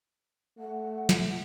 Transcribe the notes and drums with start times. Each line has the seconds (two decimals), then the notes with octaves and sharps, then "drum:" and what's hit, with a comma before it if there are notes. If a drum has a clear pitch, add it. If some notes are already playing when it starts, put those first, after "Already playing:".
0.59 A3 F#5
1.09 drum: snare